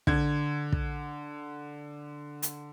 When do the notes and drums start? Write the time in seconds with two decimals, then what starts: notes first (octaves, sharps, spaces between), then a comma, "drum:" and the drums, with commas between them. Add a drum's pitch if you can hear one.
0.07 D3 G#6, drum: kick
0.72 drum: kick
2.42 drum: hi-hat